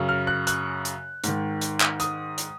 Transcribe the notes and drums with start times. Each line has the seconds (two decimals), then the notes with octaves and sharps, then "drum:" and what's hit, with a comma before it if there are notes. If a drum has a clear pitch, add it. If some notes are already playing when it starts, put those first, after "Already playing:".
Already playing: F#2 C#3
0.09 F6
0.27 F#6
0.47 F#6, drum: hi-hat
0.85 drum: hi-hat
1.24 G#2 D#3, drum: hi-hat
1.61 drum: hi-hat
1.81 drum: clap
2.00 D#6, drum: hi-hat
2.38 drum: hi-hat